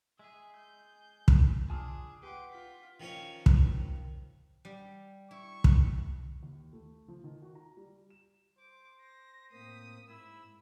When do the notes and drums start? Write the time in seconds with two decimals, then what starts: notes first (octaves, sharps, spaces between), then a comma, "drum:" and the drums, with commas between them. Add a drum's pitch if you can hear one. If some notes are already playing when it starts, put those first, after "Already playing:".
0.19 G#3 G#4 E5
0.56 G6
1.28 drum: kick
1.70 D4 F4 G#4 G#5 A5 D#6 E6
2.23 G4 B4 F#5 C6 D6
2.52 F4 B6
3.00 D#3 F3 C#4 C#5
3.46 drum: kick
4.65 G3
5.31 E4 C#6
5.64 drum: kick
6.43 D#2
6.73 A3
7.08 F3
7.24 D#3
7.42 F#4
7.55 A#5
7.77 G3
8.10 E7
8.59 C5 D6
9.00 A#6
9.52 A2 A#3 C4 D#6 B6
10.08 G#2 E4 E6